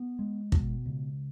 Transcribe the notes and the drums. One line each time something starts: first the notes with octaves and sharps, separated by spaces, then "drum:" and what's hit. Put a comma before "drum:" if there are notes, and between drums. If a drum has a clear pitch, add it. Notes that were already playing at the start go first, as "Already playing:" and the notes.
Already playing: B3
G#3
B2, drum: kick
C#2